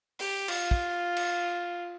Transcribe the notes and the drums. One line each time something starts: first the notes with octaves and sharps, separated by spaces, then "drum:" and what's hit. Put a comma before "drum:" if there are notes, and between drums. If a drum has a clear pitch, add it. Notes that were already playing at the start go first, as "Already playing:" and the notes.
G4, drum: open hi-hat
F4, drum: cymbal
drum: kick
drum: cymbal